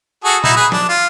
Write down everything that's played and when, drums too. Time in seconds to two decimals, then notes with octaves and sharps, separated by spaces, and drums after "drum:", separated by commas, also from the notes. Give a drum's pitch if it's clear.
0.24 F#4 G#4 A4
0.44 D#4 E4 F#4, drum: tom
0.56 G#4 B4
0.72 D4, drum: snare
0.89 F4